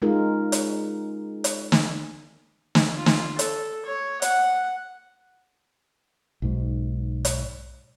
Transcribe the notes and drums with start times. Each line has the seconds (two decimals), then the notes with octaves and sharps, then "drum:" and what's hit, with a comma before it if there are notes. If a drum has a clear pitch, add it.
0.02 G#3 C#4 D#4 F4 G#4 A#4
0.52 drum: hi-hat
1.44 drum: hi-hat
1.72 drum: snare
2.75 drum: snare
2.95 F4
3.06 drum: snare
3.39 A4, drum: hi-hat
3.85 C#5
4.22 F#5, drum: hi-hat
6.42 B1 G#2
7.25 drum: hi-hat